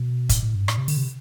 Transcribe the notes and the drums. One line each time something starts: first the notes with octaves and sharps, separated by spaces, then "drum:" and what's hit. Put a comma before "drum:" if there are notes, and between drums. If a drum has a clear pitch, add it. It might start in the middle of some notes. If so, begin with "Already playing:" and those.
Already playing: B2
A2, drum: kick, hi-hat
A2
G2
A2, drum: rim click
C3
D3, drum: open hi-hat
C3